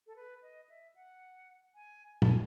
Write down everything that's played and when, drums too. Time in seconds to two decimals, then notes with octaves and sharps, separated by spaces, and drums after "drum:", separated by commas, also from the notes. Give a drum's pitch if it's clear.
0.07 A4
0.16 B4
0.43 D#5
0.69 E5
0.95 F#5
1.75 G#5
2.22 A5, drum: tom A#2
2.30 G#5